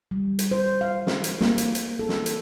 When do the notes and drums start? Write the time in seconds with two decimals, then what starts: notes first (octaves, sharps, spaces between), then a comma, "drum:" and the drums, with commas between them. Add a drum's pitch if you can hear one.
0.11 G3
0.39 drum: hi-hat
0.51 C5
0.81 F5
1.07 drum: snare
1.24 drum: hi-hat
1.41 A#3, drum: snare
1.58 drum: hi-hat
1.75 drum: hi-hat
1.99 A4
2.09 drum: snare
2.26 drum: hi-hat